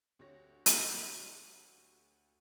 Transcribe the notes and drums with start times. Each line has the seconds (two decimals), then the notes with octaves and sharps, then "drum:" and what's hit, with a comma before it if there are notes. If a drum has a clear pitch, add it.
0.19 D2 F#4 G4 C#5 A#6
0.66 drum: hi-hat